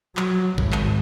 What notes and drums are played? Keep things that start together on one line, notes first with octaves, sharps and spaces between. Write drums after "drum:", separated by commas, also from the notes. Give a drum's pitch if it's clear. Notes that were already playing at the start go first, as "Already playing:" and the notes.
F#3, drum: clap
G#1, drum: kick G#1
drum: clap